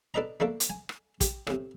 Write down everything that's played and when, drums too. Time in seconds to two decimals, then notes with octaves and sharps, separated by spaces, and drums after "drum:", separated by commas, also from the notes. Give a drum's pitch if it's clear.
0.14 D4 A4 B4 D#5 A#5
0.40 A3 A#3 D4 A4
0.60 drum: hi-hat
0.70 G#5
0.89 drum: rim click
1.21 G4, drum: kick, hi-hat
1.47 A2 C3, drum: rim click